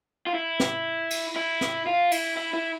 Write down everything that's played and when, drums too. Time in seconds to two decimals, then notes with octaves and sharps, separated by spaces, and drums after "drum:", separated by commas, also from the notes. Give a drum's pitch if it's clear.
0.27 F4
0.34 E4
0.60 drum: snare
1.10 drum: cymbal
1.36 E4
1.61 drum: snare
1.86 F4
2.12 E4, drum: cymbal
2.37 E4
2.53 E4